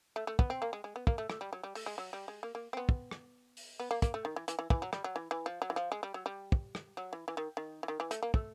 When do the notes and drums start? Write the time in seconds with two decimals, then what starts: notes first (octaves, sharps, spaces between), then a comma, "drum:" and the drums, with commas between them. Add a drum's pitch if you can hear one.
0.16 A3
0.27 A3
0.39 B3, drum: kick
0.50 C4
0.62 A#3
0.73 G#3
0.84 G#3
0.96 B3
1.07 A#3, drum: kick
1.18 A3
1.30 A3, drum: rim click
1.41 G3
1.53 F#3
1.63 G3
1.75 A3, drum: open hi-hat
1.86 G#3
1.98 F#3
2.13 G3
2.28 G#3
2.43 A#3
2.55 A#3
2.73 C4
2.77 B3
2.89 drum: kick
3.11 drum: rim click
3.57 drum: open hi-hat
3.80 B3
3.91 A#3
4.02 A#3, drum: kick, hi-hat
4.14 A3
4.25 D#3
4.36 E3
4.48 E3, drum: hi-hat
4.59 E3
4.70 E3, drum: kick
4.82 F#3
4.93 G3, drum: rim click
5.04 F#3
5.16 E3
5.31 E3
5.46 F3
5.62 F#3
5.70 E3
5.76 F3
5.92 G#3
6.03 G3
6.14 F#3
6.26 G3
6.52 drum: kick
6.75 drum: rim click
6.97 F#3
7.13 E3
7.28 E3
7.37 D#3
7.57 D#3
7.83 E3
7.88 D#3
8.00 E3
8.11 A3, drum: hi-hat
8.23 A#3
8.34 A3, drum: kick